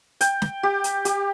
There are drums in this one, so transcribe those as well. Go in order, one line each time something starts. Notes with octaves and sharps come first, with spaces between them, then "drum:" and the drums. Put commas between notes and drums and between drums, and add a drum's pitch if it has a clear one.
G5, drum: hi-hat
drum: snare
G4
drum: hi-hat
G4, drum: hi-hat